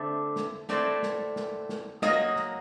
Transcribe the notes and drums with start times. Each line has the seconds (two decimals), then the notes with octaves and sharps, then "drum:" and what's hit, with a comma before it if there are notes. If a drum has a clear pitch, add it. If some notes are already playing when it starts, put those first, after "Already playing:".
Already playing: D3 A3 C4
0.36 drum: snare
0.69 A2 A3 C4 D5, drum: snare
1.03 drum: snare
1.36 drum: snare
1.69 drum: snare
2.02 F#2 F#3 A#3 D#5, drum: snare
2.36 drum: snare